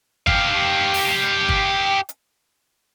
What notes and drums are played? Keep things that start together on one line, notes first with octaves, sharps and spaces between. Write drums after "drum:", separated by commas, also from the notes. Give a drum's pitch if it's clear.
G4 F5, drum: kick
drum: open hi-hat
drum: kick
drum: hi-hat